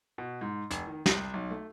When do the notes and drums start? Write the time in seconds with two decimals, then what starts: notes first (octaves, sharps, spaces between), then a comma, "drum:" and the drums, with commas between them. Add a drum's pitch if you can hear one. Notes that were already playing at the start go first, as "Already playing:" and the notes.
0.18 B2
0.41 G#2
0.71 F1, drum: hi-hat
0.87 D#3
1.06 C2, drum: snare
1.34 B1
1.51 A3